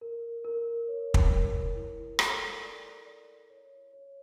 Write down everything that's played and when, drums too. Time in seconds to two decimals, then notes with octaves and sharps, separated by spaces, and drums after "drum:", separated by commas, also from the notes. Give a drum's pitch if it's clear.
0.01 A#4
0.45 A#4
0.88 C#5
1.14 drum: kick
1.32 A#4
1.76 E4
2.19 A4, drum: rim click
2.63 D5
3.06 D5
3.49 C#5
3.94 C#5